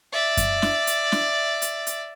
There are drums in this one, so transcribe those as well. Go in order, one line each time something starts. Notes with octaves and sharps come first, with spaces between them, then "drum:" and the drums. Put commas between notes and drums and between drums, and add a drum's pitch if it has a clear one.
D5 E5
drum: kick F#2, hi-hat
drum: snare
drum: hi-hat
drum: snare
drum: hi-hat
drum: hi-hat